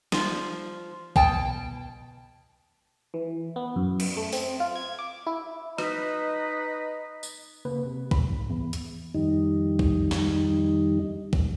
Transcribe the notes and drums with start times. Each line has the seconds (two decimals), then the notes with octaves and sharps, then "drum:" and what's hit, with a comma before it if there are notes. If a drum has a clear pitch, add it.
0.12 F3, drum: snare
1.16 B2 G5 A5, drum: kick B1
3.14 E3
3.56 B3
3.76 F#2
4.00 drum: cymbal
4.17 A3
4.33 C4, drum: open hi-hat
4.60 F4
4.76 G#6
4.99 D6
5.27 E4
5.78 D#4 B4 D#5, drum: rim click
7.23 drum: tambourine
7.65 C#3 A#3 B4
7.86 C3
8.11 A#1 C#3 B5, drum: kick B1
8.28 G#2
8.50 E2
8.73 drum: hi-hat
9.15 F2 D#3 G3 D#4
9.79 drum: kick B1
10.11 drum: snare
11.33 drum: kick B1